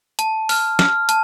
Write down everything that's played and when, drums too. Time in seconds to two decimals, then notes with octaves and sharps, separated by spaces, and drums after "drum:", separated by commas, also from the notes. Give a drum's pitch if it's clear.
0.19 A5, drum: hi-hat
0.49 F6, drum: open hi-hat
0.79 F6, drum: snare
1.09 A5, drum: hi-hat